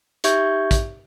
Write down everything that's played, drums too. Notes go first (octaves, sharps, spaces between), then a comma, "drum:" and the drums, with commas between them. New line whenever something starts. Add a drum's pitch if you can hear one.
D#4 G4 E5 C#6 G6 G#6, drum: hi-hat
drum: kick, hi-hat